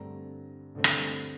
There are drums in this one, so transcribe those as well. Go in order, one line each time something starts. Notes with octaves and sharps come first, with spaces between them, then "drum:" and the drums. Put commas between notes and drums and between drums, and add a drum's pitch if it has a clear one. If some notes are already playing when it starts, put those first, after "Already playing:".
Already playing: G2 D3 A3 C4 A#5
G2 D3 A3 C4
drum: rim click